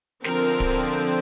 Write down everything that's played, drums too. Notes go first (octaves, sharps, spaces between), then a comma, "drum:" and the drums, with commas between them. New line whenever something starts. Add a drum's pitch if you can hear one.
D3 F3 C4 A#4, drum: snare
drum: kick D1
drum: hi-hat